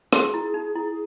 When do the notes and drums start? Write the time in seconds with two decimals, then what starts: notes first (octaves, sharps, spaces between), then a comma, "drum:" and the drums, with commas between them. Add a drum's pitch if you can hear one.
0.13 F#4 G#4, drum: rim click
0.34 E4
0.54 D#4
0.75 E4